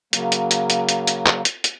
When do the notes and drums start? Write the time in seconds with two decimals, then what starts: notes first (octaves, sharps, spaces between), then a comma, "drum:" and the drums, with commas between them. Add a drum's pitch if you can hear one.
0.13 C#3 F#3 A#3, drum: hi-hat
0.32 drum: hi-hat
0.51 drum: hi-hat
0.70 drum: hi-hat
0.89 drum: hi-hat
1.07 drum: hi-hat
1.26 drum: clap
1.45 drum: hi-hat
1.64 drum: hi-hat